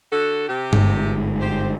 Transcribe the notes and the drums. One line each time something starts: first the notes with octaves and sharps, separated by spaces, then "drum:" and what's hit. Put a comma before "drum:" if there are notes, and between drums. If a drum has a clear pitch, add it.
D3 F#4 A4
C3 G4
G1 G#2, drum: tom G2
G4 C5